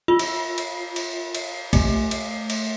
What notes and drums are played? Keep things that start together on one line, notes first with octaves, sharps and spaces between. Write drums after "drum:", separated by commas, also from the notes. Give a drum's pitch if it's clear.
F4
drum: cymbal
drum: cymbal
drum: cymbal
drum: cymbal
A3, drum: kick, cymbal
drum: cymbal
drum: cymbal